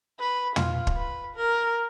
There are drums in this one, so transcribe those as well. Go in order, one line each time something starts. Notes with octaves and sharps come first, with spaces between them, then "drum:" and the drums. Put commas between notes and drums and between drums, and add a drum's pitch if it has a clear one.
B4
F4, drum: tom
drum: kick
B4
A#4